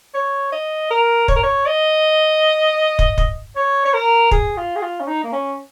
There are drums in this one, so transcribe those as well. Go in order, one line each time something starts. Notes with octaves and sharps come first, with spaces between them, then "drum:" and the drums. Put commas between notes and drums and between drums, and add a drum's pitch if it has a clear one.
C#5
D#5
A#4
C#5, drum: kick
A#4
C#5
D#5
drum: kick
drum: kick
C#5
C#5
A#4
G#4, drum: kick
F4
G#4
F4
C#4
D#4
A#3
C#4